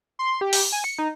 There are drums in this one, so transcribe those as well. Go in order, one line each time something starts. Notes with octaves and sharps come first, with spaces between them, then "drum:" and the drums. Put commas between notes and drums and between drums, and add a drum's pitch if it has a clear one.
C6
G4
drum: open hi-hat
G#5
C#7
D#4